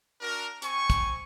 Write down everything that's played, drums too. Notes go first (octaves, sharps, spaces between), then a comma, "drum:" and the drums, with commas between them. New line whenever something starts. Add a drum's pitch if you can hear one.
D4 F#4 A#4
C4 G#5 C#6, drum: hi-hat
drum: kick, hi-hat